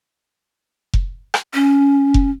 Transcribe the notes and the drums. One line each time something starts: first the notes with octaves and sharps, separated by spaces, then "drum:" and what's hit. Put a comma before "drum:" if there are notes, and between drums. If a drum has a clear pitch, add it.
drum: kick F1
drum: rim click
C#4
drum: kick F1